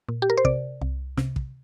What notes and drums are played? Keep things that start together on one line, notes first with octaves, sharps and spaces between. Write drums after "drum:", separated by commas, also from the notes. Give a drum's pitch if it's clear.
A#2
G4
A#4
C5
C3 D5, drum: kick
C2
C3, drum: snare
drum: kick